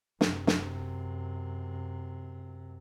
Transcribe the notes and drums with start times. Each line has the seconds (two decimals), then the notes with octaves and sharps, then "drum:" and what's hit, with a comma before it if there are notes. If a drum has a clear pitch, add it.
0.21 F#2 C3, drum: snare
0.47 drum: snare